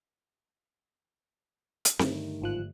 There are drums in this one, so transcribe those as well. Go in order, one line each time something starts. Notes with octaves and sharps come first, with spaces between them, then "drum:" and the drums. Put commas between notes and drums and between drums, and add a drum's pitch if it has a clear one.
drum: hi-hat
G2 D3 D#3 A3, drum: snare C4
G#1 F3 F#6